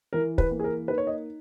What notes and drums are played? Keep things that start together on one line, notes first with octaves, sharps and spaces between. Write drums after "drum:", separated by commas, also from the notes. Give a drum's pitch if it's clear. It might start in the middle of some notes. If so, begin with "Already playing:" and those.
E3 A#4
B4, drum: kick
A#3
G#4
A#4
D#4 B4
C#5
D#5